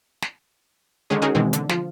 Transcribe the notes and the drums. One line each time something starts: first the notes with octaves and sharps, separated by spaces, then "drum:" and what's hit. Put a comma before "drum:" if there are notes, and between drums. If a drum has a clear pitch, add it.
drum: snare
D3 D#3 G#3 C#4 G#4
C#4 D#4 F#4 G#4 A#4
B2 D#3 E3 G#3 C4
D3, drum: hi-hat
F3 F4, drum: snare